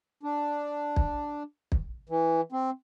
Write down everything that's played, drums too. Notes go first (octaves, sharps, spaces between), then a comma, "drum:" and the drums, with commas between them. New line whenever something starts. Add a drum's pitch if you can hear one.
D4
drum: kick
drum: kick
E3
C4